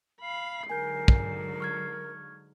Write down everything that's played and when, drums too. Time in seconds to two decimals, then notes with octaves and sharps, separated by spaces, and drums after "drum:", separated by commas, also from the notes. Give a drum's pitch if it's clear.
0.21 F5 B5 C7
0.70 G#2 D3 F#3 A#4 G#5 G6
1.08 drum: kick
1.60 C#6 F6 G#6